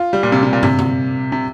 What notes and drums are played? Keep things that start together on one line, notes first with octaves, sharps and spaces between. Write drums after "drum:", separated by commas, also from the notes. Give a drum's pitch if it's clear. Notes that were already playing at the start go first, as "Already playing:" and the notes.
Already playing: F4
G3
A#2
C3
C3
A#2
C3, drum: tom
drum: tom
C3